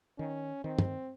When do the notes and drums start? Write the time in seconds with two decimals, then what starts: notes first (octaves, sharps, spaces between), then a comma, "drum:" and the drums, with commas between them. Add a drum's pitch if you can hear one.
0.18 D#3 C#4
0.64 D#3 C4
0.79 drum: tom